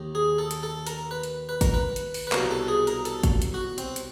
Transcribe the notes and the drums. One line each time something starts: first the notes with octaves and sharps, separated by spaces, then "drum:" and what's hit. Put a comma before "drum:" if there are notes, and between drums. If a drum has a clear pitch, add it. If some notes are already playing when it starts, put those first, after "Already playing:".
Already playing: D#2 D#3
G#4
A4
drum: hi-hat
A4
A#4, drum: hi-hat
B4
drum: hi-hat
B4
A#4, drum: kick, hi-hat
B4
drum: hi-hat
drum: open hi-hat
B4
C2 B2 F#3 A#4, drum: clap
A4
G#4
A#4, drum: hi-hat
A4, drum: hi-hat
drum: kick, hi-hat
drum: hi-hat
F#4
C4, drum: hi-hat
drum: hi-hat